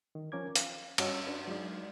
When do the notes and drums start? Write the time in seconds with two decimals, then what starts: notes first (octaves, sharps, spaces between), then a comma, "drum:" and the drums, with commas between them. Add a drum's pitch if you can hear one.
0.15 D#3
0.32 F3 C#4 A#4 D6 G#6
0.56 F5, drum: hi-hat
0.98 G2 C#4 F#4 C#5 D#5 E6, drum: cymbal
1.27 D4 B4
1.47 F#3 G#3 D#4 D5